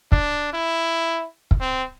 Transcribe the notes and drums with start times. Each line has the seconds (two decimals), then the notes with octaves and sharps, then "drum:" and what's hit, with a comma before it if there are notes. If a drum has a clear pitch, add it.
0.12 D4, drum: kick
0.53 E4
1.51 drum: kick
1.60 C4